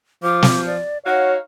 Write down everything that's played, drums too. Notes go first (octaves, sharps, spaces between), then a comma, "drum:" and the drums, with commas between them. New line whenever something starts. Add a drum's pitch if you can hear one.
F3 D6
drum: snare
D5
D#4 F#4 C#5 F5 F#5